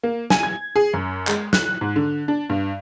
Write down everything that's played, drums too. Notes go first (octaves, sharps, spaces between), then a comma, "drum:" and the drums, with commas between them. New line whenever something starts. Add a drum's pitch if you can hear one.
A#3
G#5, drum: snare
G#6
G#4
F#2
G#3, drum: clap
F#6, drum: snare
G#2
D3
D4
G2